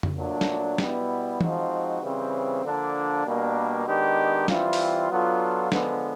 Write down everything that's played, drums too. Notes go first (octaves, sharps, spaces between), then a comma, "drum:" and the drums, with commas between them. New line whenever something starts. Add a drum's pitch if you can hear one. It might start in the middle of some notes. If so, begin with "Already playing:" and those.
drum: tom
A#2 F#3 A3 D4
drum: snare
B2 G3 B3 E4, drum: snare
F3 G#3 C4 D#4 F#4, drum: tom E3
C#3 E3 G3 C4
D3 F3 A#3 D4
B2 G3 A#3 D4
D#3 G#3 B3 D4 G4
E3 G3 C4 F4, drum: snare
drum: open hi-hat
F#3 B3 D4 F4 A4
D3 F3 G#3 B3, drum: snare